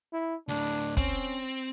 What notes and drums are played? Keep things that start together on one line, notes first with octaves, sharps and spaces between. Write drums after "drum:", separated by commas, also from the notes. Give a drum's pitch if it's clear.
E4
D2 A2 D4
C4 C#4, drum: kick